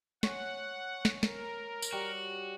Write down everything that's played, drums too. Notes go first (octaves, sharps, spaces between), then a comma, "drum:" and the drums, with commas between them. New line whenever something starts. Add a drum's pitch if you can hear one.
C#5 F#5 G#5, drum: snare
drum: snare
A#4, drum: snare
drum: tambourine
G3 F#4